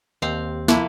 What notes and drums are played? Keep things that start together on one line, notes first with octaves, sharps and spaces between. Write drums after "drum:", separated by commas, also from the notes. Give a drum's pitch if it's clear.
D#2 C4 G4 F5
C3 F3 A#3 E4, drum: snare